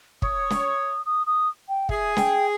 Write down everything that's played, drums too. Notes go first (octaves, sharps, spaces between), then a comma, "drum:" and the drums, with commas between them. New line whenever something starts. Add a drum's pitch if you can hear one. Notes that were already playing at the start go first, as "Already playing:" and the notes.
C#5 D#6, drum: kick
drum: snare
D#6
D#6
G5
G#4 E5, drum: kick
G5, drum: snare